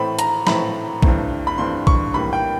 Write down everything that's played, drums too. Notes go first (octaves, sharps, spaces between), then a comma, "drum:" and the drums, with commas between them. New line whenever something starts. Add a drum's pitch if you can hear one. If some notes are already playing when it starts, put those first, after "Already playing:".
Already playing: A2 E3 A3 C4 B5
A#5, drum: hi-hat
A2 E3 A3 C4 B5, drum: snare
G2 E3 A3 C4, drum: kick A#1
B5
G2 E3 A3 C4 C6
C#6, drum: kick A#1
A2 E3 G3 A#3 B5
G5